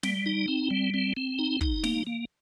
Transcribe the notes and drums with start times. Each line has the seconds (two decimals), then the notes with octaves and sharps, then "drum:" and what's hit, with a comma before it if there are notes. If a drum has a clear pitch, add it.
0.03 G3, drum: snare
0.26 D#4
0.48 C4
0.71 G3
0.94 C4
1.17 C4
1.39 D#4
1.61 D#4, drum: kick
1.84 A#3, drum: snare
2.07 A#3